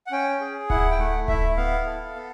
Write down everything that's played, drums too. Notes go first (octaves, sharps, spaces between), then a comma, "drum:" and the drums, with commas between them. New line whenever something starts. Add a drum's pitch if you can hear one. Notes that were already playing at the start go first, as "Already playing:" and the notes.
F#5
C#4 G5
G#4
E4 F#5, drum: kick D1
G5
A3 F#5
E4 E5, drum: kick D1
B3 F5
A4
B3